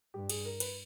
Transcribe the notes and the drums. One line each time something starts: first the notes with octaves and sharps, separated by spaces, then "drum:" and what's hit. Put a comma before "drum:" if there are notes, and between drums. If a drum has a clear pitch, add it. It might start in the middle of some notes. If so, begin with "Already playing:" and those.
G2 G4
G#4, drum: cymbal
A#4
B4, drum: cymbal